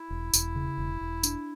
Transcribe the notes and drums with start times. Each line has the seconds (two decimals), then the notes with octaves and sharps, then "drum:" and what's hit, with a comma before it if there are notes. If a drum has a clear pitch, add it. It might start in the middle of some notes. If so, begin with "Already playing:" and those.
Already playing: E4
0.10 E1
0.34 E1, drum: tambourine
0.56 C#3
0.78 E1
1.01 E1
1.23 D4, drum: tambourine